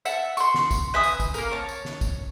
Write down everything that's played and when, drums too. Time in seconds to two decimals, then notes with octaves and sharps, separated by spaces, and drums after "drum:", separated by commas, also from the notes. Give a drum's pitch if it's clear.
0.05 E5 F#5 A5, drum: tambourine
0.37 C6 C#6, drum: tambourine
0.54 drum: snare
0.71 drum: kick, tambourine
0.94 B4 E5 G#5 D#6
1.03 drum: tambourine
1.20 drum: kick, tambourine
1.34 A#3 A#4, drum: tambourine
1.52 C#5 A5
1.69 drum: tambourine
1.85 drum: snare
2.01 drum: kick, tambourine